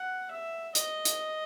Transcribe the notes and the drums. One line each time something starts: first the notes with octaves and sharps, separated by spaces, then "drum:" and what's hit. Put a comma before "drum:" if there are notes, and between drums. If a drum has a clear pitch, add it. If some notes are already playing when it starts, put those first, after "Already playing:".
Already playing: F#5
E5
D#5, drum: hi-hat
drum: hi-hat